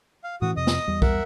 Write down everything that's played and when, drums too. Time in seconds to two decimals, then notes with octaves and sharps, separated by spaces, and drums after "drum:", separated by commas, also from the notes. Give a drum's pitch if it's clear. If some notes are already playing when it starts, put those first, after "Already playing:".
0.24 F5
0.42 A2 E3 C#4 F#4 D#6
0.57 F2 C3 D#5 D#6
0.67 drum: snare
0.88 E2 G3
1.02 A#4 E5 F#5, drum: kick